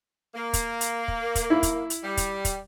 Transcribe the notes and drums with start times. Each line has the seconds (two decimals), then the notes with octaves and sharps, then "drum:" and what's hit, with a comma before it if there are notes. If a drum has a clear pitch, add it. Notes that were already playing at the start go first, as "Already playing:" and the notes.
0.35 A#3
0.53 drum: kick, hi-hat
0.81 drum: hi-hat
1.08 drum: kick
1.35 drum: kick, hi-hat
1.50 E4
1.63 drum: kick, hi-hat
1.90 drum: hi-hat
2.04 G3
2.17 drum: kick, hi-hat
2.45 drum: kick, hi-hat